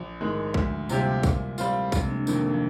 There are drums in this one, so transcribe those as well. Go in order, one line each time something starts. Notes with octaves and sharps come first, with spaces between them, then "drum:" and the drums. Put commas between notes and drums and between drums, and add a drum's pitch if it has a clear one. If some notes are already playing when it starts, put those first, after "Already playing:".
Already playing: A#1
G#2 D#3 G#3
D2 F3 G#3, drum: kick
C3 F3 G3 A#3 C4 G4, drum: tambourine
A#2, drum: kick, tambourine
G3 C4 F4, drum: tambourine
F1 G#3 C4, drum: kick, tambourine
A#3 D4
F2 D#3 A#3 D4, drum: tambourine
A#3 D4
F3